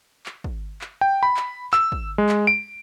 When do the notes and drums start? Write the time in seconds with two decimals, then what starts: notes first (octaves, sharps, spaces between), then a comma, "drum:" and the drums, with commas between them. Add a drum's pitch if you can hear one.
0.26 drum: clap
0.44 drum: kick
0.81 drum: clap
1.01 G5
1.23 B5
1.37 drum: clap
1.73 E6, drum: clap
1.92 drum: kick
2.18 G#3
2.29 drum: clap
2.47 D7